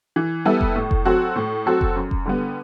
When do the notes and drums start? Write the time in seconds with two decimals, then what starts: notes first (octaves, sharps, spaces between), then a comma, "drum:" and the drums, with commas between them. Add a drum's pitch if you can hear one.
0.16 E3
0.45 G3 B3 E4 A4
0.61 drum: kick F1
0.76 A2
0.91 drum: kick F1
1.05 F#3 C4 F#4 A4
1.36 A2
1.66 F#3 C4 F#4 A4
1.81 drum: kick F1
1.96 F#2
2.11 drum: kick F1
2.26 D3 G3 B3